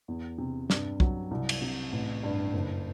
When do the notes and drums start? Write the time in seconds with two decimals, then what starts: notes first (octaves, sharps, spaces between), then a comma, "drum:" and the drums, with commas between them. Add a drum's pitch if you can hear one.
0.08 E2
0.38 C3
0.70 G2, drum: snare
1.00 F#3, drum: kick
1.31 C2
1.49 drum: cymbal
1.62 C3
1.92 A1
2.23 G2
2.53 F#1